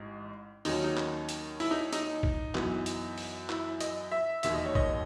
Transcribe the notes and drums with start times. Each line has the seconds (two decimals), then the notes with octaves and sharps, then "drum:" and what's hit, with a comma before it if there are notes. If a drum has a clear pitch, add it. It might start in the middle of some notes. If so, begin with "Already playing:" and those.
Already playing: A1 G#2
0.65 D#2 D#3 F#3 C#4 D#4, drum: open hi-hat
0.84 D#4
0.97 drum: clap
1.29 drum: hi-hat
1.60 E4, drum: open hi-hat
1.71 D#4
1.93 D#4, drum: hi-hat
2.23 drum: kick
2.55 F#2 E3 B3, drum: clap
2.86 drum: hi-hat
3.18 drum: open hi-hat
3.49 E4, drum: clap
3.81 D#5, drum: hi-hat
4.12 E5
4.43 E1 D#2 D#3 E5, drum: hi-hat
4.54 D#5
4.66 C#5
4.75 D#5, drum: kick